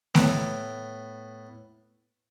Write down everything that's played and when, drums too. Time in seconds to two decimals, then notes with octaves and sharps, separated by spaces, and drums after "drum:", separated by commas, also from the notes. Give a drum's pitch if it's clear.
0.15 A2 B3, drum: snare A3